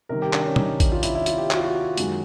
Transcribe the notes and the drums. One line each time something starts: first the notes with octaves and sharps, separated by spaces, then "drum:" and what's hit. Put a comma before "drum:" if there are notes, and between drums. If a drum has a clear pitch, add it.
C3 D#3 G3 A#4
G4
D4, drum: clap
C#4
D#4, drum: tom
drum: kick A1, hi-hat
F4
E4, drum: hi-hat
E4
F4, drum: hi-hat
G4
F#4, drum: clap
F4
F#4
F#2 D#3 G#3, drum: hi-hat